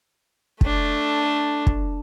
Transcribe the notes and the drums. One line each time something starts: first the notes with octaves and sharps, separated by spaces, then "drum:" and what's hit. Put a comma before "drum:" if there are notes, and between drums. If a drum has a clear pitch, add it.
A3 D4, drum: kick
drum: kick